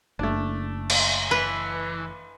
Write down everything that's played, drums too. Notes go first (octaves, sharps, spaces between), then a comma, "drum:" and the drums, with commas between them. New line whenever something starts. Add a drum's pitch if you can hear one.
F#1 A3 D4
drum: cymbal
E3 B4